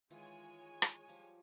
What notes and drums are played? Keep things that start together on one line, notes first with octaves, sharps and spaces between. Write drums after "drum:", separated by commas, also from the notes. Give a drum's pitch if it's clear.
D#3 E3 G#3 F4 C#5 G#5
drum: rim click
F3 G3